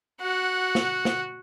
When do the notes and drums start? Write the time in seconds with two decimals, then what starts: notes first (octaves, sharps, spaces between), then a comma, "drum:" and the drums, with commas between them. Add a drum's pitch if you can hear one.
0.21 F#4 F#5
0.75 drum: snare
1.05 drum: snare